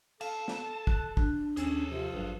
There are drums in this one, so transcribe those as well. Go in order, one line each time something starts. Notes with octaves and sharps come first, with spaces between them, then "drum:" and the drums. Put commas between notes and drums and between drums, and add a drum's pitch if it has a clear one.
A4 F5 A5, drum: cymbal
drum: snare
F#6, drum: kick
D4, drum: kick
D#2 C#4 G#4 A4, drum: hi-hat
C3 F3
G#1 G2 F#3